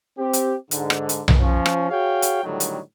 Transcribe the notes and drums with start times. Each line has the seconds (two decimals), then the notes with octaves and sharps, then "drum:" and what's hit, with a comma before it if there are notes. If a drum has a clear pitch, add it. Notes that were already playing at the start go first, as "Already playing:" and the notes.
0.19 C4 G4
0.33 drum: hi-hat
0.71 G#2 D3, drum: hi-hat
0.90 drum: rim click
1.09 drum: hi-hat
1.28 drum: tom B1
1.40 F3 C#4
1.66 drum: rim click
1.90 F#4 G#4 C#5 F5 G5
2.22 drum: hi-hat
2.44 A2 D3 D#3 F#3 G3
2.60 drum: hi-hat